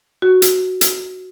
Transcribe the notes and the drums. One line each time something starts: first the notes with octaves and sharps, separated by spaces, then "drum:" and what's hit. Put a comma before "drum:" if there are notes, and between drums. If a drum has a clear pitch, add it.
F#4
drum: hi-hat
drum: hi-hat